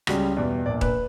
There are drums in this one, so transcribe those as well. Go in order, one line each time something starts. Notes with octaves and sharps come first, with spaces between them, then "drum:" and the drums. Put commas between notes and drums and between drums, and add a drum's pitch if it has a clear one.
C#2 C#3 G3 C#4 F#4, drum: rim click
E2 B2 G3 D5
A#1 A#2 A#3 D4 D5
B4, drum: kick D#1